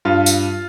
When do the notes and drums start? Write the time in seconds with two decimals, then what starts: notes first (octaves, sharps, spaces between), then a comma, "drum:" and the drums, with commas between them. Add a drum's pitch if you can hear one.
0.05 G2 F4
0.26 drum: tambourine